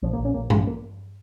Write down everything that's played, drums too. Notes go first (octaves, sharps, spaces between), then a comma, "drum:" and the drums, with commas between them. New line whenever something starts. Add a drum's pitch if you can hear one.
A#1 F3
A#3
A#1
C#4
A#1 A#3
A#1 G#3, drum: tom G2
A#3